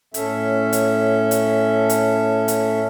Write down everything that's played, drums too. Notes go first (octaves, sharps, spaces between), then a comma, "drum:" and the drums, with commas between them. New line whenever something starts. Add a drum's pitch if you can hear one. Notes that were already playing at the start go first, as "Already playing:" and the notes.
A2 C#4 A4 E5, drum: hi-hat
drum: hi-hat
drum: hi-hat
drum: hi-hat
drum: hi-hat